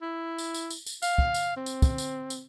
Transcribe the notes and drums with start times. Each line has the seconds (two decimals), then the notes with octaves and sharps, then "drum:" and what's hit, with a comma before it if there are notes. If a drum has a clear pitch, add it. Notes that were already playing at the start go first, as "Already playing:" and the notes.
0.02 E4
0.38 drum: tambourine
0.54 drum: tambourine
0.70 drum: tambourine
0.86 drum: tambourine
1.02 F5, drum: tambourine
1.18 drum: kick
1.34 drum: tambourine
1.56 C4
1.66 drum: tambourine
1.82 drum: kick, tambourine
1.98 drum: tambourine
2.30 drum: tambourine